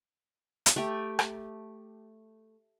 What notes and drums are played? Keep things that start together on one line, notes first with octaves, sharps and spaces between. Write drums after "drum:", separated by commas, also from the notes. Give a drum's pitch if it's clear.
drum: hi-hat
A3 G4
drum: rim click